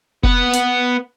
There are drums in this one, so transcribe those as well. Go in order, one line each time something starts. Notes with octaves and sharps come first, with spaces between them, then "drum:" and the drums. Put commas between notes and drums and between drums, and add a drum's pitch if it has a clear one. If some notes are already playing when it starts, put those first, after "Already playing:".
B3 F#5, drum: kick F1
drum: hi-hat